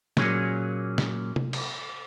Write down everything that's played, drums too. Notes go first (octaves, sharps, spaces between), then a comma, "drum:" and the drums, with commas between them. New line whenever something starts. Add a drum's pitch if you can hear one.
A#2 F#3 A#3 C#4 G#4, drum: snare
drum: snare
drum: tom C3
drum: cymbal